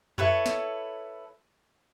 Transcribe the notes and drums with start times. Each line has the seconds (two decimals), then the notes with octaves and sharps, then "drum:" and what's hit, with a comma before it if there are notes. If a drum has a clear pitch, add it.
0.18 E4 A4 B4 C#5, drum: tom F2
0.46 drum: snare